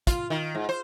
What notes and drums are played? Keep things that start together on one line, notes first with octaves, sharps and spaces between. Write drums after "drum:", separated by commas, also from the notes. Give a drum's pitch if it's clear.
F4, drum: kick, hi-hat
D#3
G#2
C5